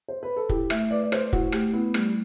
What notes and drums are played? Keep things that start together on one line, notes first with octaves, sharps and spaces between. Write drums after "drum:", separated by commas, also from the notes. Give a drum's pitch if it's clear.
C5
B4
A4
E4 G4, drum: kick
A3 E5, drum: rim click
B4 D5
D5
B4 C5, drum: rim click
E4 F#4, drum: kick
A3 G4, drum: rim click
B3 E4
G3 A3, drum: rim click